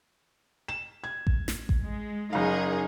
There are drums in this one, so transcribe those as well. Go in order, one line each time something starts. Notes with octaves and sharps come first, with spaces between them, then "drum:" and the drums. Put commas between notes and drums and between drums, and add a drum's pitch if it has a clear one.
E7
G#6
drum: kick A1
drum: snare
drum: kick A1
G#3
F#1 D#4 G#4 A#4 F5